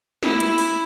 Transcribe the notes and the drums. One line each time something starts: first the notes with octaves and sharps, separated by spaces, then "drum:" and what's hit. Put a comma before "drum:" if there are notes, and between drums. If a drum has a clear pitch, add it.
E4, drum: snare
drum: hi-hat
drum: open hi-hat